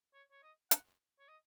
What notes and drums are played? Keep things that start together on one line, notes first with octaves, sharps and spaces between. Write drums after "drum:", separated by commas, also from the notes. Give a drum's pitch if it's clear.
C#5
C#5
D#5
F#5, drum: hi-hat
C#5
D#5